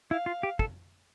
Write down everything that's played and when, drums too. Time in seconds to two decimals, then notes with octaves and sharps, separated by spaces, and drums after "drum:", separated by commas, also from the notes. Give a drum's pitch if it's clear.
0.11 E4 F5
0.26 F4
0.43 G4
0.59 A4, drum: kick